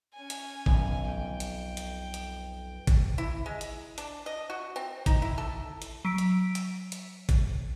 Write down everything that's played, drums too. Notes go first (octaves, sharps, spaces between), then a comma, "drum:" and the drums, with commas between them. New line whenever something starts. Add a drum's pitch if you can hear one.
C#4 G#5
drum: hi-hat
B1 F2, drum: kick G#1
G5
drum: hi-hat
drum: hi-hat
drum: hi-hat
drum: kick G#1, hi-hat
E4
G#3
drum: hi-hat
D4, drum: hi-hat
D#5
F#4
C4
D#4, drum: kick G#1, hi-hat
E4
A4
drum: hi-hat
F#3 B6 D7
drum: hi-hat
drum: hi-hat
drum: hi-hat
drum: kick G#1, hi-hat